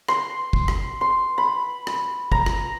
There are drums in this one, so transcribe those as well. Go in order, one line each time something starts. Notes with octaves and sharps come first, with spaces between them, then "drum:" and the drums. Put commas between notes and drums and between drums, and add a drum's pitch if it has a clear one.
C6, drum: rim click
drum: kick
drum: rim click
C6
B5
drum: rim click
A#5, drum: kick
drum: rim click